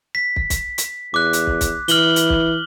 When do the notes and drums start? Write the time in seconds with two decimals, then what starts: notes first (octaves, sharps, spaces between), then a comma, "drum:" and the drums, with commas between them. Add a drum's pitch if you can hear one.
0.15 B6
0.36 drum: kick
0.50 drum: kick, hi-hat
0.78 drum: hi-hat
1.14 E2 D6 F#6
1.33 drum: hi-hat
1.47 drum: kick
1.61 drum: kick, hi-hat
1.88 E3 F6 F#7 G7, drum: hi-hat
2.16 drum: hi-hat
2.30 drum: kick